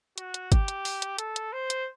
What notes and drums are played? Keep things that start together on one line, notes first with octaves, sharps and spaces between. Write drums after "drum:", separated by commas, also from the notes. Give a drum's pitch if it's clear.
F#4, drum: hi-hat
drum: hi-hat
G4, drum: kick, hi-hat
drum: hi-hat
drum: open hi-hat
drum: hi-hat
A4, drum: hi-hat
drum: hi-hat
C5
drum: hi-hat